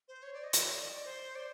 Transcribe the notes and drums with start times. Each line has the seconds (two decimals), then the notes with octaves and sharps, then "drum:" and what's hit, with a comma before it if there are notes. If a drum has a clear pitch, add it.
0.08 C5
0.23 C#5
0.33 D5
0.44 D#5
0.53 E5, drum: hi-hat
0.64 C#5
0.74 D5
0.85 D#5
0.94 D5
1.05 C5
1.36 D5